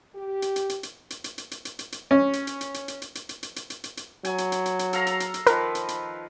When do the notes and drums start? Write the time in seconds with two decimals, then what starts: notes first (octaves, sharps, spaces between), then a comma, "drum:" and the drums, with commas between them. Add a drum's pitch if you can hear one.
0.15 G4
0.42 drum: hi-hat
0.56 drum: hi-hat
0.69 drum: hi-hat
0.83 drum: hi-hat
1.10 drum: hi-hat
1.24 drum: hi-hat
1.38 drum: hi-hat
1.51 drum: hi-hat
1.65 drum: hi-hat
1.79 drum: hi-hat
1.92 drum: hi-hat
2.11 C#4
2.33 drum: hi-hat
2.47 drum: hi-hat
2.61 drum: hi-hat
2.74 drum: hi-hat
2.88 drum: hi-hat
3.02 drum: hi-hat
3.15 drum: hi-hat
3.29 drum: hi-hat
3.43 drum: hi-hat
3.56 drum: hi-hat
3.70 drum: hi-hat
3.84 drum: hi-hat
3.97 drum: hi-hat
4.25 F#3 G#5, drum: hi-hat
4.38 drum: hi-hat
4.52 drum: hi-hat
4.66 drum: hi-hat
4.79 drum: hi-hat
4.93 A4 F5 A#5, drum: hi-hat
5.07 drum: hi-hat
5.20 drum: hi-hat
5.34 drum: hi-hat
5.47 D#3 F3 A#4 B4, drum: hi-hat
5.75 drum: hi-hat
5.88 drum: hi-hat